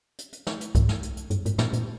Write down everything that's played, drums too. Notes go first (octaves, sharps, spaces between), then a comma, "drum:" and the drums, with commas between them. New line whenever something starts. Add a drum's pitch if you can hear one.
drum: hi-hat
drum: hi-hat
drum: snare
drum: hi-hat
G#2, drum: kick C2, hi-hat
drum: snare
drum: hi-hat
drum: hi-hat
G2, drum: hi-hat
G#2, drum: hi-hat
A#2, drum: snare
A#2, drum: hi-hat